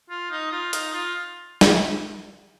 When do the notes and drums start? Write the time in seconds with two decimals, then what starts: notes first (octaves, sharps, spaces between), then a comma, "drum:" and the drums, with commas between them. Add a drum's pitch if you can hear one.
0.10 F4
0.31 D#4
0.51 F4
0.73 D#4, drum: hi-hat
0.94 F4
1.61 drum: snare